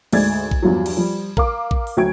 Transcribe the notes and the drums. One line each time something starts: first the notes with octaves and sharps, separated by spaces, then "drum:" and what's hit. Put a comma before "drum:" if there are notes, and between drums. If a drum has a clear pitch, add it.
D2 G#2 G#3 D5 G#6 A6, drum: cymbal
drum: kick
E2 G2 F3 F#3
drum: cymbal
F3 G3
A#4 F5 D6, drum: kick
drum: kick
drum: open hi-hat
D2 F#3 G5 C#6 G#6 D7